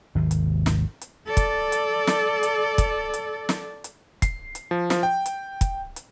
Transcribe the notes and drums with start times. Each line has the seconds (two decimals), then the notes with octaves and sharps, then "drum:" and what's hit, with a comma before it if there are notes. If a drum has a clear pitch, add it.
0.15 G#1 D#2 C3
0.31 drum: hi-hat
0.66 drum: snare
1.01 drum: hi-hat
1.27 A4 D5
1.37 drum: kick, hi-hat
1.72 drum: hi-hat
2.07 drum: snare
2.43 drum: hi-hat
2.78 drum: kick, hi-hat
3.14 drum: hi-hat
3.49 drum: snare
3.84 drum: hi-hat
4.22 C7, drum: kick, hi-hat
4.55 drum: hi-hat
4.71 F3
4.90 F3, drum: snare
5.03 G5
5.26 drum: hi-hat
5.61 drum: kick, hi-hat
5.96 drum: hi-hat